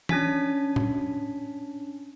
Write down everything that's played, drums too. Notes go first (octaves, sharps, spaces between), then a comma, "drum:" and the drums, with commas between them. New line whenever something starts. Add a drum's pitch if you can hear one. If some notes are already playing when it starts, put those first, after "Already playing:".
C#4 D4 G#5 B6, drum: tom E3
drum: tom